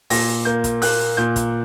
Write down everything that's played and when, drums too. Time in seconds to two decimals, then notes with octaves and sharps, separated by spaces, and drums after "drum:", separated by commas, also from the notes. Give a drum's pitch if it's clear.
0.10 A#2 A#6, drum: open hi-hat
0.45 A#3 G6
0.64 drum: kick, hi-hat
0.82 A#3 F#6, drum: open hi-hat
1.17 A#2 G6
1.36 drum: kick, hi-hat